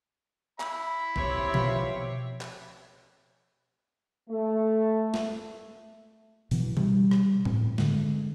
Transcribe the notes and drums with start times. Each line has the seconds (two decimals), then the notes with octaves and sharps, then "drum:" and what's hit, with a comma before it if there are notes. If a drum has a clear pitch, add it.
0.60 E5 B5, drum: clap
1.16 B1 C4 G4 C#5, drum: kick A1
1.54 B2 F3, drum: tom B2
2.41 drum: clap
4.30 A3
5.14 drum: snare
6.51 B2 E3 F#3, drum: open hi-hat
6.77 G3, drum: tom B2
7.11 drum: rim click
7.45 A2 C4, drum: tom G2
7.78 D3 G#3, drum: snare